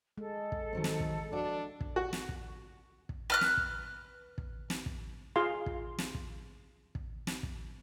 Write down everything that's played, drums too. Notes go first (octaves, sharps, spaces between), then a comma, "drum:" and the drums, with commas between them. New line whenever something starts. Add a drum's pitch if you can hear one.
G#3 A4
drum: kick
D#3 F#3 C4
drum: snare
drum: kick
F3 D4 F#4 D5
drum: kick
F#4
drum: snare
drum: kick
drum: kick
B4 F6 F#6
drum: snare
drum: kick
drum: kick
drum: snare
drum: kick
F4 G#4 F5 C6
drum: kick
drum: snare
drum: kick
drum: kick
drum: snare
drum: kick